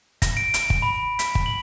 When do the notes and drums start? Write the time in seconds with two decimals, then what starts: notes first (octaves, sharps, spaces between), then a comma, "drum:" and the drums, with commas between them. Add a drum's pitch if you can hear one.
0.22 A#6, drum: kick, hi-hat
0.37 D7
0.54 drum: hi-hat
0.70 drum: kick
0.82 B5
1.19 B6, drum: hi-hat
1.35 drum: kick
1.46 F#7